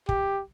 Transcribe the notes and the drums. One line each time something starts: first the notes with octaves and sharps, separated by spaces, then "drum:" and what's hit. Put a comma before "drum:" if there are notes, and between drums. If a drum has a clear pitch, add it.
G4, drum: kick